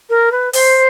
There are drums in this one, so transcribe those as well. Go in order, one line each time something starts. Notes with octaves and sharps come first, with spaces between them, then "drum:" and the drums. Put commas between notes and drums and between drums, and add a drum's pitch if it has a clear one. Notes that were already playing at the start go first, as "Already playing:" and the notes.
A#4
B4
C5, drum: open hi-hat